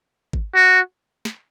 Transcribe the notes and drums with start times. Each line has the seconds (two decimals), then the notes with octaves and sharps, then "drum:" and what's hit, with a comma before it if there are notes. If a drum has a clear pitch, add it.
0.33 drum: kick G#1
0.55 F#4
1.25 drum: snare